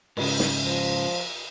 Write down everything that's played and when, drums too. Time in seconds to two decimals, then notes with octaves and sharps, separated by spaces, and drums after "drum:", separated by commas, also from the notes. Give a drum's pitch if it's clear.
0.17 G#2 C#3, drum: cymbal
0.40 drum: snare
0.65 F3